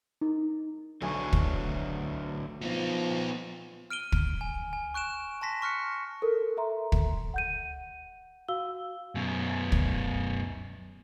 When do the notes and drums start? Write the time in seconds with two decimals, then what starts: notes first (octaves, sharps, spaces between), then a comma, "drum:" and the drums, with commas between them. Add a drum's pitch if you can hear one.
0.21 D#4
1.02 B1 D3 F#3 A3 G#5 C#6
1.33 drum: kick
2.62 F3 B3 D#4
3.90 F6 D7 D#7 G7
4.12 drum: kick
4.41 G#5
4.73 G#5
4.94 C#6 F#6 D7 E7
5.41 A5 C6 A#6 B6
5.62 C#6 F6 F#6 C#7
6.22 A4 A#4
6.57 A4 E5 A#5 C6
6.92 drum: kick
7.34 F#5 G6 D#7
8.48 F#4 F5 E6 G7
9.15 F#2 B2
9.72 drum: kick